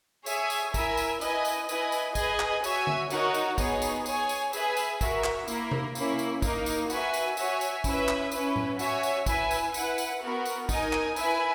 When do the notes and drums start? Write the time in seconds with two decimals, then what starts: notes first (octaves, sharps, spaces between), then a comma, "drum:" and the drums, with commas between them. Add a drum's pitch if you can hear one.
0.26 G#4 C#5 E5 G#5, drum: tambourine
0.50 drum: tambourine
0.74 E4 A#4 E5 G#5, drum: kick, tambourine
0.97 drum: tambourine
1.21 E4 B4 D#5 G#5, drum: tambourine
1.45 drum: tambourine
1.69 E4 B4 D#5 G#5, drum: tambourine
1.92 drum: tambourine
2.15 G#4 B4 D#5 G#5, drum: kick, tambourine
2.40 drum: clap
2.64 F#4 C#5 E5 G#5, drum: tambourine
2.87 drum: tom D3
3.10 D#4 F#4 A#4 C#5 F#5, drum: tambourine
3.34 drum: tambourine
3.58 B3 D#4 G#4 C#5, drum: kick, tambourine
3.82 drum: tambourine
4.06 G#4 C#5 G#5, drum: tambourine
4.29 drum: tambourine
4.53 G#4 B4 E5 G#5, drum: tambourine
4.77 drum: tambourine
5.01 F#4 A#4 E5, drum: kick, tambourine
5.24 drum: clap
5.48 A#3 E4 A#4, drum: tambourine
5.71 drum: tom C3
5.95 A#3 C#4 E4, drum: tambourine
6.19 drum: tambourine
6.42 A#3 D#4 A#4, drum: kick, tambourine
6.66 drum: tambourine
6.90 F#4 B4 E5 G#5, drum: tambourine
7.14 drum: tambourine
7.37 F#4 C#5 E5 G#5, drum: tambourine
7.61 drum: tambourine
7.84 C#4 E4 B4 E5, drum: kick, tambourine
8.08 drum: clap
8.32 C#4 E4 B4, drum: tambourine
8.56 drum: tom A2
8.79 F#4 C#5 E5 G#5, drum: tambourine
9.03 drum: tambourine
9.26 E4 B4 E5 G#5, drum: kick, tambourine
9.51 drum: tambourine
9.74 E4 B4 F#5, drum: tambourine
9.98 drum: tambourine
10.22 B3 F#4 A#4
10.45 drum: tambourine
10.69 D#4 A#4 D#5 G#5, drum: kick, tambourine
10.93 drum: clap
11.16 E4 B4 E5 G#5, drum: tambourine